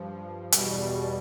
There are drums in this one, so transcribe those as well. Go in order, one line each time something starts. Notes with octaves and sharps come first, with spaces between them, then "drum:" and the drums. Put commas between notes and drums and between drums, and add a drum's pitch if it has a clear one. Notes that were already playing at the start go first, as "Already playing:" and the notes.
Already playing: G2 F3
E2 B2 G3, drum: hi-hat